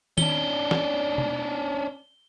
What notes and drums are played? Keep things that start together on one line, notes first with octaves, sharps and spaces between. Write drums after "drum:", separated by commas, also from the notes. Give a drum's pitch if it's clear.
C#4 D4 G7, drum: tom D#3
drum: snare
drum: tom B2